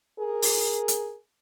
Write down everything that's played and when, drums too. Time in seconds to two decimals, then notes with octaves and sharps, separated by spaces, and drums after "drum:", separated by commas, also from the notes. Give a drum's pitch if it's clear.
0.19 G#4 A#4
0.42 drum: open hi-hat
0.88 drum: hi-hat